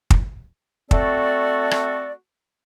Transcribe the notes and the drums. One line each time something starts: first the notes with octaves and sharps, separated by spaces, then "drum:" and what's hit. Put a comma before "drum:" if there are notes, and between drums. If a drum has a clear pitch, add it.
drum: kick
A3 C4 F#4 A4 D5, drum: kick
drum: rim click